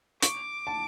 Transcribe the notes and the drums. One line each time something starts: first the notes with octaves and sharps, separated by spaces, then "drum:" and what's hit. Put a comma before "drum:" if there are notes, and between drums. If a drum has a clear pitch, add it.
C#6 D6, drum: hi-hat
A5